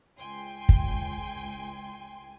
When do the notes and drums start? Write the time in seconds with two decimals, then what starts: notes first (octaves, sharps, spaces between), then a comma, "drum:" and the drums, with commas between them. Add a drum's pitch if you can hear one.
0.18 C#2 G5 G#5 C6
0.69 drum: kick